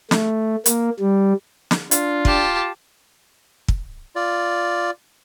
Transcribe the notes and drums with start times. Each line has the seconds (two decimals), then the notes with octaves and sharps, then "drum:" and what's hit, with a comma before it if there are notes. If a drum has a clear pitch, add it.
0.11 A3, drum: snare
0.66 A#3, drum: hi-hat
1.00 G3
1.71 drum: snare
1.91 D4 F4, drum: hi-hat
2.25 G4 A5, drum: kick
3.68 drum: kick
4.16 F4 D5